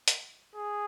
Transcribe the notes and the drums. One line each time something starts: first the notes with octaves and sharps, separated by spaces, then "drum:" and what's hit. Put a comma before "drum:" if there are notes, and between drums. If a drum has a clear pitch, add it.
drum: hi-hat
G#4